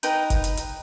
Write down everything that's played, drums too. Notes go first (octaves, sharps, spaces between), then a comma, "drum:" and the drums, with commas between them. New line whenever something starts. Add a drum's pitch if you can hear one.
D#4 A#4 B4 G5, drum: hi-hat
drum: kick F#1, hi-hat
drum: hi-hat
drum: hi-hat